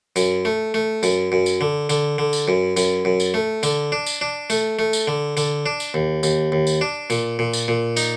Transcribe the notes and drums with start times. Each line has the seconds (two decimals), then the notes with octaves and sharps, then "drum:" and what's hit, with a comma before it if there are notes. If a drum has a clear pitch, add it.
0.16 F#2, drum: tambourine
0.45 A3
0.74 A3
1.03 F#2, drum: tambourine
1.32 F#2
1.46 drum: tambourine
1.61 D3
1.89 D3, drum: tambourine
2.18 D3
2.33 drum: tambourine
2.48 F#2
2.77 F#2, drum: tambourine
3.05 F#2
3.20 drum: tambourine
3.34 A3
3.63 D3, drum: tambourine
3.92 D4
4.06 drum: tambourine
4.21 D4
4.50 A3, drum: tambourine
4.79 A3
4.93 drum: tambourine
5.08 D3
5.37 D3, drum: tambourine
5.66 D4
5.80 drum: tambourine
5.94 D#2
6.23 D#2, drum: tambourine
6.52 D#2
6.67 drum: tambourine
6.81 D4
7.10 A#2, drum: tambourine
7.39 A#2
7.53 drum: tambourine
7.68 A#2
7.97 D#4, drum: tambourine